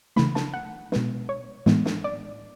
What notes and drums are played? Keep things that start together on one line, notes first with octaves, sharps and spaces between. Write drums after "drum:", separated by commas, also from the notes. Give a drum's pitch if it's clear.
C#3 E3 A3 B5, drum: snare
A5, drum: snare
F#5
B2 G#3 B3, drum: snare
C#5
A2 E3 G#3 B3, drum: snare
drum: snare
D5